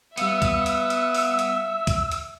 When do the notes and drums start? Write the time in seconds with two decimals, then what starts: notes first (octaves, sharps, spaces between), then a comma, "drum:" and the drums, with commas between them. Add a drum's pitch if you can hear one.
0.18 G3 B3 E5 F5 E6 C#7, drum: hi-hat
0.42 drum: kick, hi-hat
0.66 drum: hi-hat
0.90 drum: hi-hat
1.15 drum: open hi-hat
1.39 drum: hi-hat
1.87 drum: kick, hi-hat
2.12 drum: hi-hat